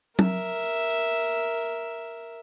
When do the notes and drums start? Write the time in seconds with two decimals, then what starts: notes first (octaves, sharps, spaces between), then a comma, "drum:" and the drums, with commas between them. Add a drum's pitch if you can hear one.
0.19 A#4 E5, drum: tom
0.63 drum: tambourine
0.89 drum: tambourine